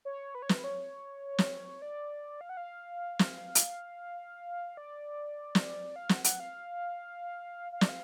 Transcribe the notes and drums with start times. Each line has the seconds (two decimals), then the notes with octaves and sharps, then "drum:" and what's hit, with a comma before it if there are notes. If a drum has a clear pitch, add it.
0.05 C#5
0.35 B4
0.42 C#5
0.49 B4, drum: snare
0.64 C#5
1.38 drum: snare
1.82 D5
2.41 F5
2.49 F#5
2.57 F5
3.19 drum: snare
3.55 drum: hi-hat
4.77 D5
5.55 drum: snare
5.96 F5
6.09 F#5, drum: snare
6.24 F#5, drum: hi-hat
6.40 F5
7.72 F5
7.81 D5, drum: snare
7.89 F5